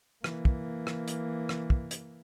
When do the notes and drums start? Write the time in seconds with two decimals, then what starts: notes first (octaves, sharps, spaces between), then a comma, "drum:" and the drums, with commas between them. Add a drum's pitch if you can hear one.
0.24 E3 A#3, drum: rim click
0.45 drum: kick
0.87 drum: rim click
1.08 drum: hi-hat
1.49 drum: rim click
1.70 drum: kick
1.91 drum: hi-hat